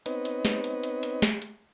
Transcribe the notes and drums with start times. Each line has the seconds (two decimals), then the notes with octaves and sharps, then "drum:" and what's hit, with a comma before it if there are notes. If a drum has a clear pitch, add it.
0.06 B3 C4 D#4 B4 C#5 D#5, drum: hi-hat
0.25 drum: hi-hat
0.45 drum: snare
0.64 drum: hi-hat
0.84 drum: hi-hat
1.03 drum: hi-hat
1.22 drum: snare
1.42 drum: hi-hat